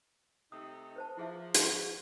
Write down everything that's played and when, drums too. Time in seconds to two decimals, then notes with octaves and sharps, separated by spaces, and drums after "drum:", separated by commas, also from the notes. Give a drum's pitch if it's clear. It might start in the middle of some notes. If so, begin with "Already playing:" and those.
0.52 C3 A3 D#4 D#6
0.96 B4 C5 A5
1.17 F3 E4 G#4 E5
1.54 C6, drum: hi-hat